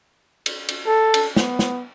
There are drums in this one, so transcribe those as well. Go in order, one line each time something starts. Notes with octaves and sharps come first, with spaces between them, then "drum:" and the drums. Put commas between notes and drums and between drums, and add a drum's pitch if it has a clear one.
drum: cymbal
drum: cymbal
A4
drum: cymbal
B3, drum: snare
drum: snare